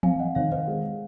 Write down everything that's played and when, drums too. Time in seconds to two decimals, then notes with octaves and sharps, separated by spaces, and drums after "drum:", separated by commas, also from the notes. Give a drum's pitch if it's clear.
0.03 C4 F5 G#5, drum: tom E3
0.19 D#5 F#5
0.35 D#3 C#5 F5
0.52 C5 D#5
0.68 G#3